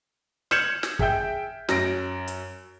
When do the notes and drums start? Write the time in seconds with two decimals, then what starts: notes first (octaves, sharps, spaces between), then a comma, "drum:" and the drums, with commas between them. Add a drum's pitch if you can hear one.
0.51 F6 G6 G#6 C#7 E7 F#7, drum: snare
0.83 drum: snare
0.99 G#4 E5 G5 G6, drum: kick
1.69 F#2 A#6 D7, drum: snare
2.28 drum: hi-hat